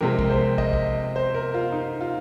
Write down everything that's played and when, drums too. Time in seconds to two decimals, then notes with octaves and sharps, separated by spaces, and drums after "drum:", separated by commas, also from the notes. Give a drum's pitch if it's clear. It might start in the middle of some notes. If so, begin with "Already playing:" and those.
0.01 F2 C3 G#3 C4 A#4
0.19 A#4, drum: kick
0.30 C5
0.58 D#5, drum: kick
0.73 drum: kick
1.16 C5
1.34 A#4
1.54 F4
1.72 D#4
2.01 F4